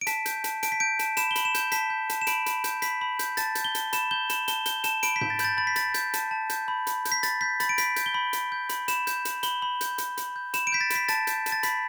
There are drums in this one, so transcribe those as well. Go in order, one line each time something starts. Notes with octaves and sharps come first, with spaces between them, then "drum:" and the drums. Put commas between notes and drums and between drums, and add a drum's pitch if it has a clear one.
D7
A5 B6, drum: hi-hat
G6, drum: hi-hat
A5, drum: hi-hat
A5 D7, drum: hi-hat
B6
G6 D7
A5, drum: hi-hat
B5 E7, drum: hi-hat
G7
B5, drum: hi-hat
E7
G6, drum: hi-hat
A5 B6, drum: hi-hat
G6
A5, drum: hi-hat
E7
B5 D7, drum: hi-hat
B5, drum: hi-hat
G6, drum: hi-hat
B5 B6, drum: hi-hat
B5
G6, drum: hi-hat
A5 A6, drum: hi-hat
G6, drum: hi-hat
G7
A5, drum: hi-hat
B5 E7, drum: hi-hat
G6 G7
B5 E7, drum: hi-hat
A5 G7, drum: hi-hat
G6 G7, drum: hi-hat
A5 E7, drum: hi-hat
B5 D7, drum: hi-hat
B6
G6, drum: tom G#2
A6
B5 G6, drum: hi-hat
A6
B5 A6
B6
B5 A6, drum: hi-hat
G6, drum: hi-hat
A5, drum: hi-hat
A5
G6, drum: hi-hat
B5
B5, drum: hi-hat
G6, drum: hi-hat
B6
B5 A6, drum: hi-hat
G6 B6
B5 A6, drum: hi-hat
D7
B5 B6, drum: hi-hat
G6, drum: hi-hat
G7
B5
B5, drum: hi-hat
G6
B5, drum: hi-hat
B5 E7, drum: hi-hat
G6, drum: hi-hat
B5, drum: hi-hat
B5 G7, drum: hi-hat
B5
G6, drum: hi-hat
B5, drum: hi-hat
B5, drum: hi-hat
G6
B5 E7, drum: hi-hat
D7
G6 B6
A6
B5, drum: hi-hat
B6
A5 A6, drum: hi-hat
G6, drum: hi-hat
A5, drum: hi-hat
A6
B5 B6, drum: hi-hat